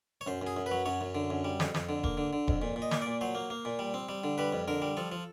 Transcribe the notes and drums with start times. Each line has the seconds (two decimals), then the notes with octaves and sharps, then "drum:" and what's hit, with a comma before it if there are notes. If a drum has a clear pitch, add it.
0.21 C#5
0.27 F#2 C5
0.42 F#2
0.47 G#4
0.57 F#2
0.66 B4
0.71 F#3
0.86 F#2 C#5
1.01 F#2
1.15 D3
1.30 F#2
1.45 G3
1.60 F2, drum: snare
1.74 F2, drum: snare
1.89 D3
2.04 A#3, drum: kick E1
2.17 D3
2.33 D3
2.48 F2, drum: kick E1
2.62 A#2
2.76 A#2
2.82 D#5
2.91 A#3, drum: snare
3.02 A#2 D5
3.21 F#3 C5
3.35 A#3
3.50 A#3
3.65 A#2
3.79 G3
3.94 C4
4.09 G3
4.24 D3
4.38 G3 B4
4.52 F2
4.68 D3 A#4
4.82 G3
4.97 F3 A4
5.12 F3